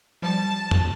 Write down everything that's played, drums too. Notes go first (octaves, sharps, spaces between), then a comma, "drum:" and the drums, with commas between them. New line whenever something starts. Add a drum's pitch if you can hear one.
F3 G3 A5
drum: tom F2